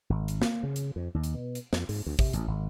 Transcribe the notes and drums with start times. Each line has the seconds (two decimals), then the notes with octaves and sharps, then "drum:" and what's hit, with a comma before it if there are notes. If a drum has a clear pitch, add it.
0.10 G#1
0.28 drum: hi-hat
0.42 A#3, drum: snare
0.63 C#3
0.76 drum: hi-hat
0.96 F2
1.14 D#2
1.24 drum: hi-hat
1.34 B2
1.55 drum: hi-hat
1.73 F2, drum: snare
1.89 G#2, drum: open hi-hat
2.06 D2
2.19 C3, drum: kick, open hi-hat
2.33 A1, drum: hi-hat
2.47 G#1